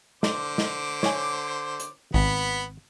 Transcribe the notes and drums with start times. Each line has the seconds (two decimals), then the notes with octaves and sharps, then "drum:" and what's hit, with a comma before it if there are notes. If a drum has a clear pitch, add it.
0.23 D3 C5 D6, drum: snare
0.58 drum: snare
1.03 C#5 G#5, drum: snare
1.80 drum: hi-hat
2.14 G#1 B3 B5, drum: kick A1